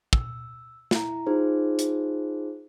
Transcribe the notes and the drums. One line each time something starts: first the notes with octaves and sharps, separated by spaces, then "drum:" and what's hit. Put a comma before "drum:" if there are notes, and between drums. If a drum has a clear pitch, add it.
E6, drum: kick
E4 A#5, drum: snare
D#4 F4 G#4 C5
drum: hi-hat